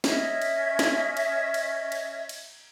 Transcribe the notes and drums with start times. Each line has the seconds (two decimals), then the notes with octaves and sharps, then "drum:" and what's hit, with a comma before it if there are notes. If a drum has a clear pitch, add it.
0.04 C#4 D#5 E5 G#6, drum: snare
0.42 drum: cymbal
0.79 drum: snare
1.17 drum: cymbal
1.54 drum: cymbal
1.92 drum: cymbal
2.29 drum: cymbal